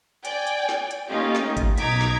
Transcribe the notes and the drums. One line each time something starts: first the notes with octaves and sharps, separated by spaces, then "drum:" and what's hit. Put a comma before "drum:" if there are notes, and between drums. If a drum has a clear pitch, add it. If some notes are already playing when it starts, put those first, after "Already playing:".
D5 G5 G#5, drum: hi-hat
drum: hi-hat
drum: snare
drum: hi-hat
A3 A#3 C#4 D#4 F4 G4
drum: snare
drum: kick G#1, hi-hat
B1 D#4 A#5 D6 G#6 B6, drum: hi-hat
drum: snare